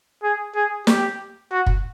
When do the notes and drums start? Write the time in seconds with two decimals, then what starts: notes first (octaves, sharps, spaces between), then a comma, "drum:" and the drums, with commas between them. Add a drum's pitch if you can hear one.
0.23 G#4
0.55 G#4
0.87 G4, drum: snare
1.51 F#4
1.66 drum: kick